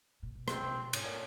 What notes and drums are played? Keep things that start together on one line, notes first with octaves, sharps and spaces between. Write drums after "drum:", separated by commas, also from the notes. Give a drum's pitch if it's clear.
A#2
B2
C3 C4, drum: rim click
C3
B2
G#2 C#4, drum: cymbal
A#2